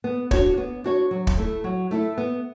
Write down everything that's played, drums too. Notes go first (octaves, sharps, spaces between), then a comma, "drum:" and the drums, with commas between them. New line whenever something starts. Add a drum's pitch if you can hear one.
B3
D4 F#4 C#5, drum: kick
B3
D4 F#4 C#5
F#3
drum: kick
A3 E4 A4
F#3
A3 E4 A4
B3